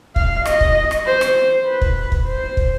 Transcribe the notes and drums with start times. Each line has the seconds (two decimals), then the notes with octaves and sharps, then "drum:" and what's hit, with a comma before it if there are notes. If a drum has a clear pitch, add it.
0.16 F5, drum: kick
0.45 D#5, drum: rim click
0.61 drum: kick
0.91 drum: rim click
1.06 C5
1.21 drum: rim click
1.67 B4
1.82 drum: kick
2.12 drum: kick
2.27 C5
2.57 drum: kick